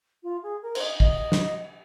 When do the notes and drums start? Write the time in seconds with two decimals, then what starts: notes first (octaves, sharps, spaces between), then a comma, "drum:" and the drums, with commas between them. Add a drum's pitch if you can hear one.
0.23 F4
0.43 G#4
0.62 A#4
0.75 C5, drum: cymbal
0.81 D#5
1.00 D#5, drum: kick
1.32 drum: snare